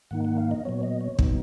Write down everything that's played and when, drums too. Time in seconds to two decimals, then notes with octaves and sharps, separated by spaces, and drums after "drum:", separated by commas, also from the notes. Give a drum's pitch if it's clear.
0.11 G#2 D#3 A#3 D#4 F#5
0.25 F#5
0.38 F5
0.51 D#5
0.65 A#2 F#3 B3 C#5
0.83 D#5
1.01 C#5
1.19 A#2 F#3 B3 D#4, drum: kick